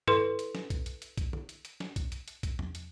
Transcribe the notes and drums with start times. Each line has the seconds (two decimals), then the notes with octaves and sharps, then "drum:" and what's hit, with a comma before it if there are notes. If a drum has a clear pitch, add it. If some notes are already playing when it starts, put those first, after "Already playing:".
0.07 E4 A4 B4 C6, drum: tom G2
0.39 drum: hi-hat
0.55 drum: snare
0.70 drum: kick B1, hi-hat
0.86 drum: hi-hat
1.02 drum: hi-hat
1.18 drum: kick B1, hi-hat
1.33 drum: tom
1.49 drum: hi-hat
1.65 drum: hi-hat
1.80 drum: snare
1.96 drum: kick B1, hi-hat
2.12 drum: hi-hat
2.28 drum: hi-hat
2.43 drum: kick B1, hi-hat
2.59 drum: tom E2
2.75 drum: hi-hat